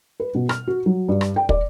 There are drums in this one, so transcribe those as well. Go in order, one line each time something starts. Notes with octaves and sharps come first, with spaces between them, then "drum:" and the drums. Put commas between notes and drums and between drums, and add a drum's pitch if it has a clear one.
B4
B2
F6, drum: rim click
F#4
F#3
G2
drum: rim click
G5
D5, drum: kick